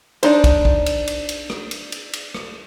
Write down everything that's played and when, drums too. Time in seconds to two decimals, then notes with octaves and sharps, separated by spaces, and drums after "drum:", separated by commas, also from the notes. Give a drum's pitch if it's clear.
0.23 D4 D#4 C5, drum: cymbal
0.44 drum: kick, cymbal
0.65 drum: kick
0.86 drum: cymbal
1.07 drum: cymbal
1.29 drum: cymbal
1.50 drum: rim click
1.71 drum: cymbal
1.92 drum: cymbal
2.13 drum: cymbal
2.34 drum: rim click